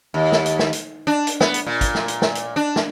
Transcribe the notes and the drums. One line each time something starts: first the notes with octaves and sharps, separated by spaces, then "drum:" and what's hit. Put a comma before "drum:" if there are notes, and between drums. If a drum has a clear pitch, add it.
D#2
drum: snare
drum: hi-hat
drum: snare
drum: hi-hat
D4
drum: hi-hat
B3, drum: snare
drum: hi-hat
A#2
drum: kick, hi-hat
drum: snare
drum: hi-hat
drum: snare
drum: hi-hat
D4
drum: snare